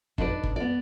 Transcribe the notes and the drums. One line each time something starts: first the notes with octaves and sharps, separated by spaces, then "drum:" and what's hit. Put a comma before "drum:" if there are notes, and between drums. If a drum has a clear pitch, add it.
D4 D#4 B4 D5, drum: kick G1
drum: kick G1
B3 D5